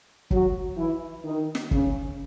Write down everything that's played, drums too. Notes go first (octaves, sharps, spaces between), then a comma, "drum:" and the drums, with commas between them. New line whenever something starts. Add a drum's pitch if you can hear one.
F#3 F#4, drum: kick
E3 E4
D#3 D#4
drum: snare
C#3 C#4, drum: kick